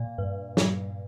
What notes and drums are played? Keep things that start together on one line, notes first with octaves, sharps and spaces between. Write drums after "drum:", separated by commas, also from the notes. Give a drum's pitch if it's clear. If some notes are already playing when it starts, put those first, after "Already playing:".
Already playing: A#2
G2
drum: snare